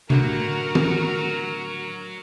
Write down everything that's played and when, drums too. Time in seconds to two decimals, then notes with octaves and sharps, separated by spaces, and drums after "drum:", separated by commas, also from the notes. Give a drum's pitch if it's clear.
0.10 A2 D3 F#3 F#4 A#4, drum: tom C3
0.75 drum: tom